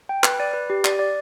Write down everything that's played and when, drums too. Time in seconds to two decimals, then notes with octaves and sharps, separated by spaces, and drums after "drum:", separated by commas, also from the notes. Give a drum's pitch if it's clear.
0.09 G5
0.23 B4, drum: clap
0.40 D5
0.53 B4
0.70 G4
0.85 D5, drum: clap
0.99 D5